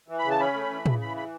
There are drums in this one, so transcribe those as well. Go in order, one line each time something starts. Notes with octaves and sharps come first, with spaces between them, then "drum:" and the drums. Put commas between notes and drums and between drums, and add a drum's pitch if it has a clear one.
E3
B5
C#3
A5
C#4 B5
A3
E3
C#3, drum: tom
E3 B5
B5